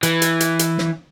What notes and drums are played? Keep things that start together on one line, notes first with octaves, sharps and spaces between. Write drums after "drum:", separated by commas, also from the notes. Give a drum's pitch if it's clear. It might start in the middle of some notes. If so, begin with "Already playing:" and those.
E3, drum: hi-hat
drum: hi-hat
drum: hi-hat
drum: hi-hat
drum: snare